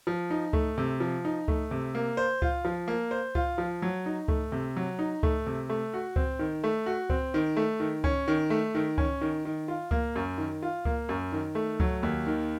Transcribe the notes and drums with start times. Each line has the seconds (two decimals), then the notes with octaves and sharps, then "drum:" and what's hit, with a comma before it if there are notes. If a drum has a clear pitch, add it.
0.07 F3
0.30 D#4
0.53 A3, drum: kick C#2
0.78 C3
1.00 F3
1.25 D#4
1.48 A3, drum: kick C#2
1.71 C3
1.95 A#3
2.17 C5
2.42 F4, drum: kick C#2
2.65 F3
2.88 A#3
3.11 C5
3.35 F4, drum: kick C#2
3.58 F3
3.82 F#3
4.06 D#4
4.28 A3, drum: kick C#2
4.52 C3
4.76 F#3
4.99 D#4
5.23 A3, drum: kick C#2
5.47 C3
5.69 A3
5.94 F#4
6.16 C4, drum: kick C#2
6.39 D#3
6.64 A3
6.86 F#4
7.10 C4, drum: kick C#2
7.34 D#3
7.56 A3
7.80 D#3
8.04 C#4, drum: kick C#2
8.28 D#3
8.50 A3
8.75 D#3
8.98 C#4, drum: kick C#2
9.21 D#3
9.45 D#3
9.68 F4
9.91 A#3, drum: kick C#2
10.16 F#2
10.38 D#3
10.62 F4
10.85 A#3, drum: kick C#2
11.09 F#2
11.32 D#3
11.55 A3
11.80 F#3, drum: kick C#2
12.03 D#2
12.27 D#3